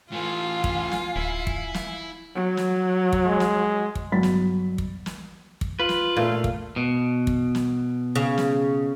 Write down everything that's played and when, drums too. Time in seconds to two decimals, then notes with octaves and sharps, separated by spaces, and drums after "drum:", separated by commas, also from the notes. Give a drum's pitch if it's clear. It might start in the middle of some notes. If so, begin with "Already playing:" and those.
0.12 A2 E3 F4 F5 G#5
0.64 drum: kick
0.91 drum: snare
1.16 D1 E4
1.47 drum: kick
1.74 drum: snare
2.35 F#3
2.57 drum: snare
3.13 drum: kick
3.26 G#3
3.40 drum: snare
3.95 drum: kick
4.12 G1 F#3 B5 A6 B6
4.23 drum: snare
4.78 drum: kick
5.06 drum: snare
5.61 drum: kick
5.80 F4 B4
5.89 drum: snare
6.16 A#2 A3 F5
6.44 drum: kick
6.76 B2
7.27 drum: kick
7.55 drum: snare
8.15 C#3
8.38 drum: snare